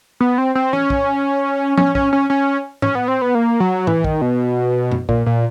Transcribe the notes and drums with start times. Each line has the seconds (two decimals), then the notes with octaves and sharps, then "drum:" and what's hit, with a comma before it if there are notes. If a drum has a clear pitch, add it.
0.20 B3
0.38 C4
0.55 C4
0.73 C#4, drum: tom
0.90 drum: kick
1.78 C#4, drum: tom F3
1.95 C#4, drum: kick
2.13 C#4
2.30 C#4
2.82 C#4, drum: tom G#2
2.95 B3
3.08 C4
3.22 B3
3.35 A#3
3.60 F#3
3.87 E3, drum: tom G#2
4.04 D#3, drum: kick
4.21 B2
4.92 drum: tom F#2
5.09 A#2, drum: kick
5.26 A#2